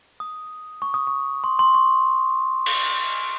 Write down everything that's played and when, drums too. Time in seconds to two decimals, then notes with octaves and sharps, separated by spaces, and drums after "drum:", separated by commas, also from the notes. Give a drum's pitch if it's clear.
0.20 D#6
0.82 C#6
0.94 D#6
1.07 C#6
1.44 C6
1.59 C6
1.75 C#6
2.66 drum: cymbal